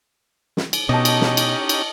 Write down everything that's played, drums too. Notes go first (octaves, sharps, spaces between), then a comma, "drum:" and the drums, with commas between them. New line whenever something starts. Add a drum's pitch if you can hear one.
drum: snare
drum: cymbal
B2 C#4 D#4 G4 D#5 A5
drum: cymbal
drum: snare
drum: cymbal
drum: cymbal